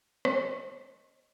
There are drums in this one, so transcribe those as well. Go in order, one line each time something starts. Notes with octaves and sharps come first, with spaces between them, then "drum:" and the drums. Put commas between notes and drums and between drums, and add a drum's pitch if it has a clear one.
D#5 A5 C6 D#6 E6, drum: rim click